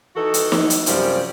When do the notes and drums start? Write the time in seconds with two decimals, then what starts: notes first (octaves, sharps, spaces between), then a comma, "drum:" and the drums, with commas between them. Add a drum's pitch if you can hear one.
0.16 E3 D#4 F#4 A4
0.34 drum: hi-hat
0.52 drum: snare
0.70 drum: hi-hat
0.86 F#2 C3 F3 G3, drum: hi-hat